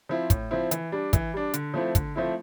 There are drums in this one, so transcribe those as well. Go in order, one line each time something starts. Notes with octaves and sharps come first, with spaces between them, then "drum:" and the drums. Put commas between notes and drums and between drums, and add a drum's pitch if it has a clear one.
F3 C4 E4
A2, drum: kick, hi-hat
F3 C4 E4
E3, drum: hi-hat
G3 D4
E3, drum: kick, hi-hat
G3 D4
D3, drum: hi-hat
F3 A3 C4 E4
D3, drum: kick, hi-hat
F3 A3 C4 E4